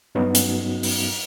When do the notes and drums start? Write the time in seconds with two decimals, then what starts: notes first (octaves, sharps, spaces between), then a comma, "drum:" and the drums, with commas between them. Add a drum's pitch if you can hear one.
0.15 G2 F#3 B3 C#4 D#4 F#4
0.35 drum: hi-hat
0.83 drum: open hi-hat